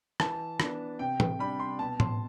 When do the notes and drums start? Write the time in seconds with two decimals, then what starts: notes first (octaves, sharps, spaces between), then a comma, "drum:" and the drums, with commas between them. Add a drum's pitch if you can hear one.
0.20 E3 A5, drum: rim click
0.60 B3 D4, drum: rim click
0.99 C3 G5
1.20 drum: tom
1.39 G3 D4 B5
1.60 C6
1.79 B2 A5
2.00 C6, drum: tom A2